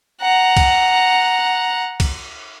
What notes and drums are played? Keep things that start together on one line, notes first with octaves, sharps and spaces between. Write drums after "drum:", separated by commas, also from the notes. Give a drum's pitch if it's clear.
F#5 A#5
drum: kick C2, cymbal
drum: kick C2, cymbal